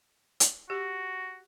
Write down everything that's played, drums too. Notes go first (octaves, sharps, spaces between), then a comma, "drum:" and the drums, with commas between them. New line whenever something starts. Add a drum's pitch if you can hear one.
drum: hi-hat
F#4 G4